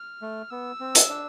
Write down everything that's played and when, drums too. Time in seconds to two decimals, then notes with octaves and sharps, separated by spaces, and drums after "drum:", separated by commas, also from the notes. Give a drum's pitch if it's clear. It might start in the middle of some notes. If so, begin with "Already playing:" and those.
Already playing: F6
0.22 A3
0.50 B3 E6
0.80 C4
0.95 drum: hi-hat
1.09 D4